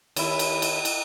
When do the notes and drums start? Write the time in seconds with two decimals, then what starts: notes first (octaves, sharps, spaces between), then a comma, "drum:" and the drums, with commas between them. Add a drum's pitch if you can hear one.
0.16 D#2 E4, drum: cymbal
0.39 drum: cymbal
0.62 drum: cymbal
0.85 drum: cymbal